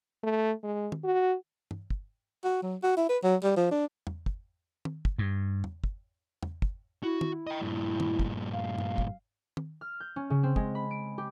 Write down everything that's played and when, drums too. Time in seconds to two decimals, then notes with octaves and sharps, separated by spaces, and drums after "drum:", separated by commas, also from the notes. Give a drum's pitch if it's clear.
0.23 A3
0.63 G#3
0.92 drum: tom
1.04 F#4
1.71 drum: tom
1.90 drum: kick
2.44 F#4
2.63 F#3
2.83 F#4
2.97 E4
3.09 B4
3.23 F#3
3.43 G3
3.57 F3
3.71 D4
4.07 drum: tom
4.26 drum: kick
4.85 drum: tom
5.05 drum: kick
5.18 G2
5.64 drum: tom
5.84 drum: kick
6.43 drum: tom
6.62 drum: kick
7.03 E4 F#4
7.21 drum: tom
7.47 D#5 G5
7.61 G2 A#2
8.00 drum: tom
8.19 drum: kick
8.52 F5
8.78 drum: tom
8.98 drum: kick
9.57 drum: tom
9.81 F6
10.00 G6
10.16 C#4
10.30 C#3
10.43 C4
10.56 G#3, drum: kick
10.75 B5
10.91 D7
11.18 G4